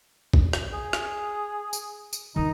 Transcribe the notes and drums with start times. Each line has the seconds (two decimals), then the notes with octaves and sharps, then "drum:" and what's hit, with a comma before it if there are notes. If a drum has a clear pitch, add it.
0.34 drum: kick
0.53 drum: rim click
0.73 G#4
0.93 drum: rim click
1.73 drum: tambourine
2.13 drum: tambourine
2.36 D#3 D4 D#4